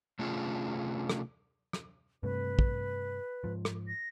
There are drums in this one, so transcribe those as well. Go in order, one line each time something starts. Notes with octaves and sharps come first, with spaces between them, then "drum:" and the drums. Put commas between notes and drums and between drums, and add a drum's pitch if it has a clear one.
C3 A3 C#4 D4 F4 G#4
drum: rim click
drum: rim click
G2 C3 A3 B4
drum: kick
G#2 F3
drum: rim click
A#6